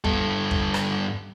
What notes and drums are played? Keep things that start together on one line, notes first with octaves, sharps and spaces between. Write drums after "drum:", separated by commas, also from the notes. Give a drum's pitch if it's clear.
G2 A4, drum: kick
drum: kick
drum: rim click